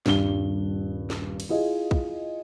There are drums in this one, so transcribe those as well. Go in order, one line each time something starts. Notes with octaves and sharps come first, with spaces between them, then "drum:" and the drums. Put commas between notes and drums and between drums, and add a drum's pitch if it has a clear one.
D#1 G2 G7, drum: snare
drum: snare
drum: cymbal
E4 F4 G#4 D#5
drum: kick